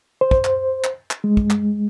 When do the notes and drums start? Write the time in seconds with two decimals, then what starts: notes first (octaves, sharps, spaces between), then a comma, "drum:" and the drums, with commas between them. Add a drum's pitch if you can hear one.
0.21 C5
0.31 drum: kick
0.45 drum: clap
0.84 drum: clap
1.11 drum: clap
1.24 G#3
1.37 drum: kick
1.50 drum: clap